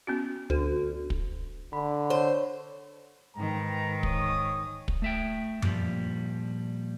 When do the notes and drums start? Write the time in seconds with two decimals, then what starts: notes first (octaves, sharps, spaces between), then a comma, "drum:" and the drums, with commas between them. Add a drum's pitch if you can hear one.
0.07 B3 C#4 F#4
0.50 D2
1.10 drum: kick
1.73 D3 B5
2.10 C5 C#5
3.36 G#2 D#3 B4 G5 A#5
4.03 C#5 D#6, drum: kick
4.88 drum: kick
5.02 A3 E5 G5
5.62 A#2 F3 G3, drum: tom F#2